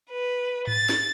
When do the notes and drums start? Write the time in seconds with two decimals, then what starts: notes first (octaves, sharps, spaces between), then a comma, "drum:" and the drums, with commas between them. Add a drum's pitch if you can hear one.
0.11 B4
0.67 A6, drum: tom G#2
0.89 drum: snare